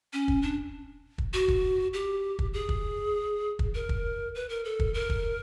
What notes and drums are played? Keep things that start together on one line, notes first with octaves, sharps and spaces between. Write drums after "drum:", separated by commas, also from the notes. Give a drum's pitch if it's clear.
C#4
drum: kick
D4
drum: kick
F#4
drum: kick
G4
drum: kick
G#4
drum: kick
drum: kick
A#4
drum: kick
B4
A#4
A4
drum: kick
A#4
drum: kick